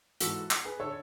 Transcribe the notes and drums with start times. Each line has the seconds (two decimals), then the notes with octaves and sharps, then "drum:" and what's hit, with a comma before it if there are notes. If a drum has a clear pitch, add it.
0.21 G#2 E3 F#4 A4, drum: hi-hat
0.51 drum: clap
0.65 G#4 B4
0.80 D3 A4 C#5